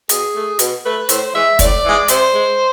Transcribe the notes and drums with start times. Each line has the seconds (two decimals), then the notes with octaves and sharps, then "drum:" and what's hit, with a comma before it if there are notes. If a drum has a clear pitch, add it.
0.09 B2 G#4, drum: hi-hat
0.34 A3
0.59 B2, drum: hi-hat
0.84 A3 B4
1.09 A2 C5, drum: hi-hat
1.34 E3 G#3 E5
1.59 A2 D5, drum: kick, hi-hat
1.84 E3 G#3
2.08 C3 C5, drum: hi-hat
2.33 G#3